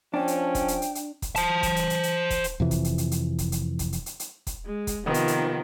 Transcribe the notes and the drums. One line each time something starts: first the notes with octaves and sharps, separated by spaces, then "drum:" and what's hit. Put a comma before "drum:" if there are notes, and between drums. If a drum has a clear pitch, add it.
F3 C#4 D4 G5
drum: hi-hat
drum: kick, hi-hat
drum: hi-hat
drum: hi-hat
drum: hi-hat
drum: kick, hi-hat
C5 A5, drum: hi-hat
drum: kick, hi-hat
drum: hi-hat
drum: hi-hat
drum: hi-hat
drum: kick, hi-hat
drum: hi-hat
F2 C3 E3
drum: kick, hi-hat
drum: hi-hat
drum: hi-hat
drum: hi-hat
drum: kick, hi-hat
drum: hi-hat
drum: kick, hi-hat
drum: hi-hat
drum: hi-hat
drum: hi-hat
drum: kick, hi-hat
G#3
drum: kick, hi-hat
C3 D#3 F3 B3
drum: hi-hat
drum: hi-hat